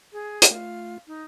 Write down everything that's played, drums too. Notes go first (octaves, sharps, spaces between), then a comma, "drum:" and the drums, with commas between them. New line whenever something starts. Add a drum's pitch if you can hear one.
G#4
drum: hi-hat
A3 F4 F5
D#4